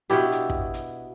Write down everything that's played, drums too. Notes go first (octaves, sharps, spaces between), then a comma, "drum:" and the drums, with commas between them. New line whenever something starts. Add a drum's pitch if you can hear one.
B2 B3 D4 E4 G4
drum: hi-hat
drum: kick
drum: hi-hat